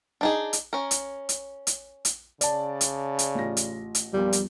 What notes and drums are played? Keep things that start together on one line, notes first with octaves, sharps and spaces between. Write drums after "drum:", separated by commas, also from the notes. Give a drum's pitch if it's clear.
D4 D#4 G#4
drum: hi-hat
C#4 A#4
drum: hi-hat
drum: hi-hat
drum: hi-hat
drum: hi-hat
C#3 D5 A5, drum: hi-hat
drum: hi-hat
drum: hi-hat
A1 F4 A#6
drum: hi-hat
drum: hi-hat
E2 A#2 F3 G3
drum: hi-hat